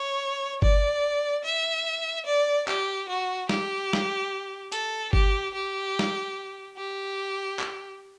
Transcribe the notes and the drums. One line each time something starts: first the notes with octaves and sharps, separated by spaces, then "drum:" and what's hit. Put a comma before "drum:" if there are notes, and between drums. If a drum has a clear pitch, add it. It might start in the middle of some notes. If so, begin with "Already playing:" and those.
Already playing: C#5
D5, drum: kick G1
E5
D5
G4, drum: clap
F#4
G4, drum: snare
drum: snare
A4, drum: hi-hat
G4, drum: kick G1
G4
drum: snare
G4
drum: clap